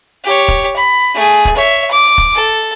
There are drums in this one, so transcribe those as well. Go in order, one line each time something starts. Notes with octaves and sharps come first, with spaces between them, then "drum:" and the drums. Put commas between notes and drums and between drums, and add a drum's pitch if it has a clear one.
G4 C#5
drum: kick
B5
A3 G#4
drum: kick
C#5 E5
D6
drum: kick
A4